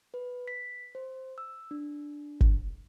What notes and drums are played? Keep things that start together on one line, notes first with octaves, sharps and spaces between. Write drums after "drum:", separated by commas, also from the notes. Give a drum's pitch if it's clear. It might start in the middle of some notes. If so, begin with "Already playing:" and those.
B4
B6
C5
E6
D4
drum: kick